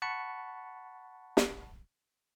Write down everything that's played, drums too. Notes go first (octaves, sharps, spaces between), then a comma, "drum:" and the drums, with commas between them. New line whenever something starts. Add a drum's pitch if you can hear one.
F#5 A5 B5 C#6 C#7
drum: snare